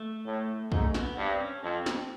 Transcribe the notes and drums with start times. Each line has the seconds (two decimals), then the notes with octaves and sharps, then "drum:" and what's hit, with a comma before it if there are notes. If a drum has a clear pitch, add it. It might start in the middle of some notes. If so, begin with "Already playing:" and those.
Already playing: A3
0.26 A2
0.72 G#2 A3, drum: kick
0.94 B3, drum: snare
1.17 G2 C4
1.40 C#4
1.64 F2 C4
1.86 drum: snare